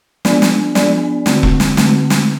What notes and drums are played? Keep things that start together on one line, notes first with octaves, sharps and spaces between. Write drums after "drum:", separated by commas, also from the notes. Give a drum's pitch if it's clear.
F3 B3 D4 D5, drum: snare
drum: snare
F3 B3 D4 D5, drum: snare
D3 A3 C4, drum: snare
drum: kick E1
drum: snare
D3 A3 C4, drum: snare
drum: snare